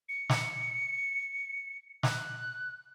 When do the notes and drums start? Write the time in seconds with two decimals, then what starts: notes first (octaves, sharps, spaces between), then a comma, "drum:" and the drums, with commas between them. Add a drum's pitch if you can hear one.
0.09 C#7
0.30 drum: snare
2.03 F#6, drum: snare